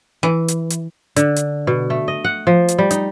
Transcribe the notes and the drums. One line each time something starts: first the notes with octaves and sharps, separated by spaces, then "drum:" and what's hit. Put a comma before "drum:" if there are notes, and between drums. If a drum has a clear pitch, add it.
E3
drum: hi-hat
drum: hi-hat
D3, drum: hi-hat
drum: hi-hat
B2
A3
D#5
F#5
F3
drum: hi-hat
G3
D#4, drum: hi-hat